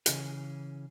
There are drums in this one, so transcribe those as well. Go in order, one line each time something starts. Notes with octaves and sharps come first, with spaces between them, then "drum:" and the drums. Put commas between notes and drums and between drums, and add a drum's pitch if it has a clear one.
C#3 E3 C#4 G#4, drum: hi-hat